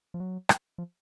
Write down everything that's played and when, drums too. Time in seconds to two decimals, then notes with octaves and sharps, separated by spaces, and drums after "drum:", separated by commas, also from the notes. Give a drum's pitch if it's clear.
0.14 F3
0.20 F#3
0.49 drum: rim click
0.78 F3